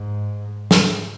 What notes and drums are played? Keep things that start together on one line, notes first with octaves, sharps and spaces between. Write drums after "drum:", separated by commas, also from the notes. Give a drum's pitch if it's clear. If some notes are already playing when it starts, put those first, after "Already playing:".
Already playing: G#2
G#2, drum: snare